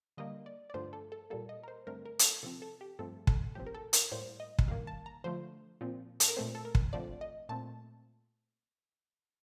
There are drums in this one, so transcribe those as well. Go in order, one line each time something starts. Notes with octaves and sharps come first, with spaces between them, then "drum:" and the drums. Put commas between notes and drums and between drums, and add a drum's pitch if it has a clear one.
D3 G3 A#3 D#5
D5
D5
G2 D3 F3 A3 C5
A4
A4
A#2 G3 A#3 A4
D#5
A#4
C5
G2 D3 A3 C4 A#4
A#4
A#4, drum: hi-hat
A4
C3 F3 C4 A4
A4
G4
G2 F3 A3 C4 A4
A4, drum: kick
A2 F3 C4 G4
A#4
A4
A#4, drum: hi-hat
A2 G3 A#3 C5
D#5
drum: kick
G2 D#3 A#3 F5
A5
A#5
D3 F3 A3 C5
A#2 F3 C4
A4, drum: hi-hat
A#4
A#2 A3 C4 C5
A4
A#4
drum: kick
D3 F3 A3 C4 D5
D#5
A#2 A3 C4 A5